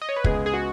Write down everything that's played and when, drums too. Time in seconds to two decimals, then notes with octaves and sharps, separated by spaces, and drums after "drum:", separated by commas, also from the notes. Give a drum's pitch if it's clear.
0.02 D#5
0.09 C#5
0.16 B4
0.24 C#2 C#3 G#3 B3 G#4, drum: kick
0.46 G#4
0.54 F#4